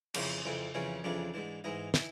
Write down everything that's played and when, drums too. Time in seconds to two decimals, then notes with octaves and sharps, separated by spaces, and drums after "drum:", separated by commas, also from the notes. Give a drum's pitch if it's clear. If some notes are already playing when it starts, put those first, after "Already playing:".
0.14 F2 C#3 E3 C#4, drum: cymbal
0.45 F2 C#3 E3
0.74 F2 C#3 E3 C#4
1.04 F2 C#3 E3 D4
1.34 G#2 E3
1.64 G#2 E3 D#4
1.94 E3, drum: snare